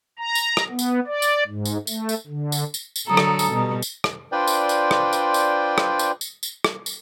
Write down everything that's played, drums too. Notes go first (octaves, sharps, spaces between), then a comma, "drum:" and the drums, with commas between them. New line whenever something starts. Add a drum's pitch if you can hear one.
A#5
drum: tambourine
drum: rim click
B3
drum: tambourine
D5
drum: tambourine
G#2
drum: tambourine
A3, drum: tambourine
drum: tambourine
D3
drum: tambourine
drum: tambourine
drum: tambourine
D3 F#3 A4 A#5 D#6
drum: rim click
drum: tambourine
B2 G3
drum: tambourine
drum: rim click
D4 F4 B4 C5 D5 G5
drum: tambourine
drum: tambourine
drum: rim click
drum: tambourine
drum: tambourine
drum: rim click
drum: tambourine
drum: tambourine
drum: tambourine
drum: rim click
drum: tambourine